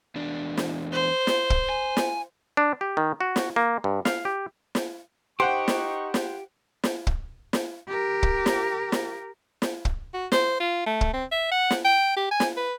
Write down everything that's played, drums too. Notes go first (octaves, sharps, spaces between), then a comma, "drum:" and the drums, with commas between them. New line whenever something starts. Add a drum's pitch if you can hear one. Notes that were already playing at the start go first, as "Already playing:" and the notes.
E2 D4
drum: snare
C5
drum: snare
drum: kick
G#5
drum: snare
D4
G4
D#3
F#4
drum: snare
A#3
G2
F5, drum: snare
G4
drum: snare
D#4 G4 C5 F#5 G5 C6 C#6
drum: snare
drum: snare
drum: snare
drum: kick
drum: snare
G4 A#4
drum: kick
drum: snare
drum: snare
drum: snare
drum: kick
F#4
C5, drum: snare
F4
A3
drum: kick
C4
E5
F#5
drum: snare
G5
G4
G#5
drum: snare
B4